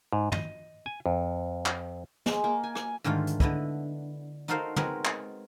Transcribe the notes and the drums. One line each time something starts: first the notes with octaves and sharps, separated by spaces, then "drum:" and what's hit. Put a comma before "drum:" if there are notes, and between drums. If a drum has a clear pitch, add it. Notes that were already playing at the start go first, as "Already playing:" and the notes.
G#2
D#5, drum: tom
G#5
F2
drum: clap
G#3, drum: snare
A#3
G#5
G#5, drum: rim click
G#2 D3 D#3 A3 F4
drum: hi-hat
D3 B3 E4 D#5, drum: kick
D#4 F#4 A4 A#4 C5 F5
G#3 B3 C4 F#4 A#4, drum: tom
drum: clap